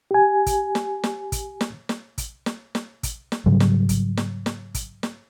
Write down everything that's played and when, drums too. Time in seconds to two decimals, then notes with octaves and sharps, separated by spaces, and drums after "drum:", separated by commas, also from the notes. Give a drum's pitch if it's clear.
0.11 G4 G#5
0.46 drum: kick, hi-hat
0.75 drum: snare
1.04 drum: snare
1.32 drum: kick, hi-hat
1.61 drum: snare
1.89 drum: snare
2.18 drum: kick, hi-hat
2.46 drum: snare
2.75 drum: snare
3.03 drum: kick, hi-hat
3.32 drum: snare
3.46 G#2 C#3 F#3 G3
3.60 drum: snare
3.89 drum: kick, hi-hat
4.17 drum: snare
4.46 drum: snare
4.74 drum: kick, hi-hat
5.03 drum: snare